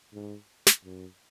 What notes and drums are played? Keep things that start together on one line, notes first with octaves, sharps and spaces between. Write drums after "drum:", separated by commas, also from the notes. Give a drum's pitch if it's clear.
G#2
drum: snare
F#2